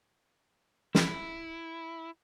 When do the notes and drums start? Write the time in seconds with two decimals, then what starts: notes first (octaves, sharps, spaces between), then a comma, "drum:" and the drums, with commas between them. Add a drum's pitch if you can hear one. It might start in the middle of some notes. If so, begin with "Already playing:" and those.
0.95 E4, drum: snare